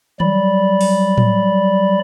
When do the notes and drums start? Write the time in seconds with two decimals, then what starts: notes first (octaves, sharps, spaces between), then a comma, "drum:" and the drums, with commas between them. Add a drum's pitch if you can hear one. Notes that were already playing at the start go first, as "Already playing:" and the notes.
0.20 F#3 G3 D5 B5, drum: tom D#3
0.81 drum: open hi-hat
1.18 drum: tom A2